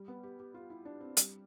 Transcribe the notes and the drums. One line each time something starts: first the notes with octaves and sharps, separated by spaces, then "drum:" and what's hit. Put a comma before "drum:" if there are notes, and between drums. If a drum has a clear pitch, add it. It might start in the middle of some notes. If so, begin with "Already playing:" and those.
Already playing: G3
B3
G4
G4
F4
E4
D4
C4
G3, drum: hi-hat